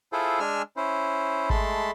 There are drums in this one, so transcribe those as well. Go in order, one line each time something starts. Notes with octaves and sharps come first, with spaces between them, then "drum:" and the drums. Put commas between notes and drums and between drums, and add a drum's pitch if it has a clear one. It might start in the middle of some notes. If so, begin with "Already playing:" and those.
E4 F4 G#4 A4 C5
G#3 D4 G#5 E6 F6
C#4 E4 C5
G#3 A3 A5 B5 C6, drum: kick G#1